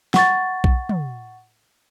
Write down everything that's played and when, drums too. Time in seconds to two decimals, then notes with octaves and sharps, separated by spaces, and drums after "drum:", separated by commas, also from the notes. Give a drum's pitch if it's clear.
0.14 F#5 C#6 A6, drum: snare
0.64 drum: kick B1
0.89 drum: tom